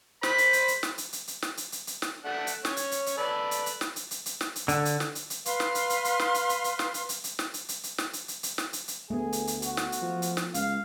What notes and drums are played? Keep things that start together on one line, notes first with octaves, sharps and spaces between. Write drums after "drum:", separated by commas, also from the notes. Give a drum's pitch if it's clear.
C5 B5, drum: snare
drum: hi-hat
drum: hi-hat
drum: hi-hat
drum: snare
drum: hi-hat
drum: hi-hat
drum: hi-hat
drum: snare
drum: hi-hat
drum: hi-hat
drum: hi-hat
drum: snare
A3 D4 F#5
drum: hi-hat
C#4 C#5, drum: snare
drum: hi-hat
drum: hi-hat
drum: hi-hat
A4 B4 D5
drum: hi-hat
drum: hi-hat
drum: snare
drum: hi-hat
drum: hi-hat
drum: hi-hat
drum: snare
drum: hi-hat
D3, drum: hi-hat
drum: hi-hat
drum: snare
drum: hi-hat
drum: hi-hat
B4 F5 C6 F6, drum: hi-hat
drum: snare
drum: hi-hat
drum: hi-hat
drum: hi-hat
drum: snare
drum: hi-hat
drum: hi-hat
drum: hi-hat
drum: snare
drum: hi-hat
drum: hi-hat
drum: hi-hat
drum: snare
drum: hi-hat
drum: hi-hat
drum: hi-hat
drum: snare
drum: hi-hat
drum: hi-hat
drum: hi-hat
drum: snare
drum: hi-hat
drum: hi-hat
D2 A3 B3 G#4
drum: hi-hat
drum: hi-hat
F#4, drum: hi-hat
drum: snare
drum: hi-hat
F3
drum: hi-hat
drum: snare
C#2 F5, drum: hi-hat